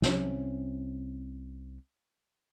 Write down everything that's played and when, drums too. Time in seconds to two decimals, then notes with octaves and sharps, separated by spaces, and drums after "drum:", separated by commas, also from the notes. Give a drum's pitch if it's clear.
0.02 C2 C3 C#4, drum: snare